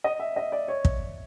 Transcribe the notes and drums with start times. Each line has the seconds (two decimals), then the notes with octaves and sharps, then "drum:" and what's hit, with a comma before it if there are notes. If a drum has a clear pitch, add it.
0.04 D#5
0.20 E5
0.36 D#5
0.52 D5
0.68 C#5
0.85 drum: kick